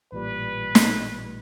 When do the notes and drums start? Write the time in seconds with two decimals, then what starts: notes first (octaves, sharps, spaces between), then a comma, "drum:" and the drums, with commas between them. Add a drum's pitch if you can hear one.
0.12 A1 A#2 G3 B4
0.75 drum: snare